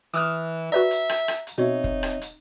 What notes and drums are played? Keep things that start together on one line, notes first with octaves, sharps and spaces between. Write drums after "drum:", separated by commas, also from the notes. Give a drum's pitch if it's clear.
E3 D6 D#6 F6
F#4 B4 D5 E5 A#5
drum: hi-hat
drum: rim click
drum: rim click
drum: hi-hat
B2 C4 D#4 C#5 E5
drum: kick
drum: rim click
drum: hi-hat